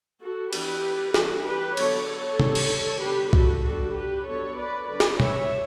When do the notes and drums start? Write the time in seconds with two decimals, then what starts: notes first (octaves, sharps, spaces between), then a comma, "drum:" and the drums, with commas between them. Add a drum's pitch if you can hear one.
0.21 F#4 A4
0.53 E3 B3 D4 G4 B4, drum: cymbal
1.14 E3 G3 D4 F#4 A4, drum: snare
1.46 G4 B4
1.77 D3 F#3 B3 D4 A4 C#5, drum: cymbal
2.08 A4 C#5
2.40 G3 D4, drum: tom C3
2.55 drum: cymbal
3.02 D3 G3 B3 D4 G4 B4
3.33 F#4 A4, drum: kick B1
3.64 D3 G3 D4 F#4 A4
3.95 G4 B4
4.26 F#3 B3 D4 A4 C#5
4.58 B4 D5
4.89 D3 G3 B3 D4 B4 D5
5.00 drum: snare
5.20 C#5 E5, drum: tom B2